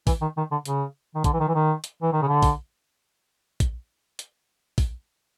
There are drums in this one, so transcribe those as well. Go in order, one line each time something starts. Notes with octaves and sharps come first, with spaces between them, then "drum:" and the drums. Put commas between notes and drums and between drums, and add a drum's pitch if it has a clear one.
E3, drum: kick, open hi-hat
D#3
D#3
D3
C#3, drum: hi-hat
D#3
D3, drum: kick, hi-hat
E3
D#3
E3
D#3
drum: hi-hat
E3
D#3
C#3
D3
drum: kick, open hi-hat
drum: kick, hi-hat
drum: hi-hat
drum: kick, open hi-hat